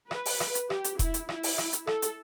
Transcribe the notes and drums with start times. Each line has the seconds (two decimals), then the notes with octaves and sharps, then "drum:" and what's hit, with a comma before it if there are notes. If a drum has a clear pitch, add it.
0.11 B4, drum: rim click
0.26 drum: open hi-hat
0.40 drum: rim click
0.55 drum: hi-hat
0.70 G4, drum: rim click
0.84 drum: hi-hat
0.99 E4, drum: kick E1, hi-hat
1.14 drum: hi-hat
1.29 E4, drum: rim click
1.43 drum: open hi-hat
1.58 drum: rim click
1.73 drum: hi-hat
1.87 A4, drum: rim click
2.02 drum: hi-hat